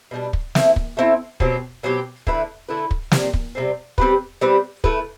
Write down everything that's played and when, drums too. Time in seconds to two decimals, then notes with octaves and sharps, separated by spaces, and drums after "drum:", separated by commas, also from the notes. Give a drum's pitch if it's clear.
0.11 B2 G3 D4
0.33 drum: kick
0.55 A3 C4 E4, drum: snare
0.76 drum: kick
0.97 A3 C4 E4
1.40 B2 F#3 C4 G4, drum: kick
1.83 B2 F#3 C4 G4
2.27 D3 A3 E4 B4, drum: kick
2.69 D3 A3 E4 B4
2.91 drum: kick
3.12 C3 G3 C4, drum: snare
3.34 drum: kick
3.55 C3 G3 C4
3.98 G3 C4 G4 B4, drum: kick
4.41 G3 C4 G4 B4
4.84 A3 E4 B4, drum: kick